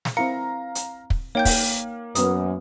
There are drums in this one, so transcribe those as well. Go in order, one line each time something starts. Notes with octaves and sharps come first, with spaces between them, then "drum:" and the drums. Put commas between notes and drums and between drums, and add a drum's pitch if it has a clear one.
drum: snare
C4 E4 A#4 F5 A#5 C#7
drum: hi-hat
drum: kick
A#3 D#4 C#5 F5 G5 G6
drum: kick, open hi-hat
F#2 B3 A#4 D#6, drum: hi-hat